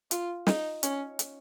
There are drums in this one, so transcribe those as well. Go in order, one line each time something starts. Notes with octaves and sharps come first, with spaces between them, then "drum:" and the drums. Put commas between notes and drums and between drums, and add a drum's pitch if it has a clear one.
F4, drum: hi-hat
D#4, drum: snare
C#4, drum: hi-hat
drum: hi-hat